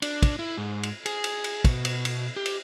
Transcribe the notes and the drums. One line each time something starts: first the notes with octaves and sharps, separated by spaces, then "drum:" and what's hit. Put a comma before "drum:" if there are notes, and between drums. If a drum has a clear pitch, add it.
D4, drum: cymbal
drum: kick, cymbal
E4
G#2
drum: cymbal
G#4, drum: cymbal
drum: cymbal
drum: cymbal
B2, drum: kick, cymbal
drum: cymbal
drum: cymbal
G4
drum: cymbal